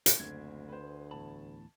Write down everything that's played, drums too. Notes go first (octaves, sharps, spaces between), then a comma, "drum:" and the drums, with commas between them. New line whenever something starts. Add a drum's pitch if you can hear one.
drum: hi-hat
F#1 D2 A3 C4 D4 G#6
B4 C5
E2 A2 A5 B5